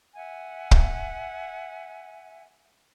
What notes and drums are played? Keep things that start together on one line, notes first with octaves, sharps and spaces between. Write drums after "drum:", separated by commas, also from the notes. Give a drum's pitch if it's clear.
E5 F#5 G#5
drum: kick